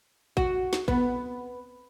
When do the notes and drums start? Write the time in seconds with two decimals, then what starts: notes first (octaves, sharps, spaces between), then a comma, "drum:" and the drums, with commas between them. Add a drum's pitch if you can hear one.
0.37 F#4, drum: kick
0.73 drum: snare
0.88 B3, drum: kick